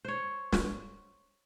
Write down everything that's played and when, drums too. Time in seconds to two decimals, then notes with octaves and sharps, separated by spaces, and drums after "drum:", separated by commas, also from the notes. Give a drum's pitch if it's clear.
0.05 C5 C#5
0.52 drum: snare